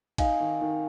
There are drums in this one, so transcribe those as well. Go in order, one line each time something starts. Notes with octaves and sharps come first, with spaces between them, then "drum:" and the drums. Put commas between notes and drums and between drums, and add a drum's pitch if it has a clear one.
D#4 F5 G#5, drum: kick A#1, cymbal
D#3
D#3